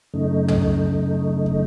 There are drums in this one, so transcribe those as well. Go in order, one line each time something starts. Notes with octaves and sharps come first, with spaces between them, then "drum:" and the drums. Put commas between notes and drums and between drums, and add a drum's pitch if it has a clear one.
F#2 C#3 A3 D#4
drum: tom
drum: kick